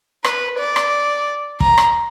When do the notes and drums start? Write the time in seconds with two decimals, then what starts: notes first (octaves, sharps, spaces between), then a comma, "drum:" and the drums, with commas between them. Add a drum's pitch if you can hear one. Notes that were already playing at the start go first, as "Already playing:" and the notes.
0.24 B4, drum: rim click
0.58 D5
0.76 drum: rim click
1.60 A#5, drum: kick
1.78 drum: rim click